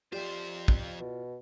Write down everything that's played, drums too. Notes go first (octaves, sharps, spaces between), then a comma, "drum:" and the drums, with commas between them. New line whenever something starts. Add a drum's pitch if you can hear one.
F2 F4 G4 C5 D5 E5
drum: kick
B2